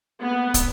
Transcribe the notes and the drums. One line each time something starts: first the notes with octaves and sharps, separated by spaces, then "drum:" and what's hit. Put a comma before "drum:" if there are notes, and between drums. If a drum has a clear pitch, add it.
B3
drum: kick, hi-hat